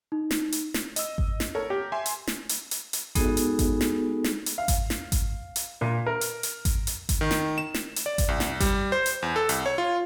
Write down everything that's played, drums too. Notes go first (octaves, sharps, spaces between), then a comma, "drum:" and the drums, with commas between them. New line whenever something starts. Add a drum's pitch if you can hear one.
D#4
drum: snare
drum: hi-hat
drum: snare
D#5 E6, drum: hi-hat
drum: kick G#1
drum: snare
A4 A#4 C#5
G4
E5 G#5 C6
drum: hi-hat
drum: snare
drum: hi-hat
drum: hi-hat
drum: hi-hat
G#3 B3 D#4 F#4 G#4 A4, drum: kick G#1, hi-hat
drum: hi-hat
drum: kick G#1, hi-hat
drum: snare
drum: snare
drum: hi-hat
F5
drum: kick G#1, hi-hat
drum: snare
drum: kick G#1, hi-hat
drum: hi-hat
A#2
A#4
drum: hi-hat
drum: hi-hat
drum: kick G#1, hi-hat
drum: hi-hat
drum: kick G#1, hi-hat
D#3
drum: snare
E7
drum: snare
drum: hi-hat
D5
drum: kick G#1, hi-hat
C2
drum: snare
G3, drum: kick G#1, hi-hat
C5
drum: hi-hat
E2
A4
C2, drum: hi-hat
C#5
F4